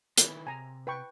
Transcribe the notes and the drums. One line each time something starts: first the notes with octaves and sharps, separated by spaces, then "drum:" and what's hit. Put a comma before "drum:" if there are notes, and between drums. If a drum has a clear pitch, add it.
D#3 E4 B4, drum: hi-hat
C3 G#5 A#5
B4 G5 C#6